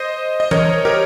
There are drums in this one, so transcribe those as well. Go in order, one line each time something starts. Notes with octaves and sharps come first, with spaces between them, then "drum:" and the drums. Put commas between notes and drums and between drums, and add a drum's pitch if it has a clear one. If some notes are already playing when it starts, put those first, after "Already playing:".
Already playing: C5 D#5
D#5
A#4 C#5, drum: tom
G4 A#4